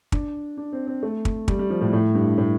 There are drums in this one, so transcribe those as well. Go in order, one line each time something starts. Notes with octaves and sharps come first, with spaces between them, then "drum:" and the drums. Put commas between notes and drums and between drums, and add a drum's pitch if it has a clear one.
D4, drum: kick
D4
C4
C4
A3
drum: kick
G3, drum: kick
G3
F3
A2
A2
G2
A2